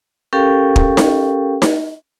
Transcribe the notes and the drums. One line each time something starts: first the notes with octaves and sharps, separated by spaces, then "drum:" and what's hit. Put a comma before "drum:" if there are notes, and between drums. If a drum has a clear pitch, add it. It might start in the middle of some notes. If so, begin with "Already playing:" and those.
C#4 G4 A4 A#4 F5 G5
drum: kick
drum: snare D#4
drum: snare D#4